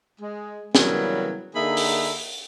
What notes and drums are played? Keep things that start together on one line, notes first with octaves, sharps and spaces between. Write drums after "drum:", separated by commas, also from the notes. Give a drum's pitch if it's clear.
G#3
C#3 E3 F#3 G3 A#3 B3, drum: snare
D3 A#3 D#4 G#4 E5 B5
drum: open hi-hat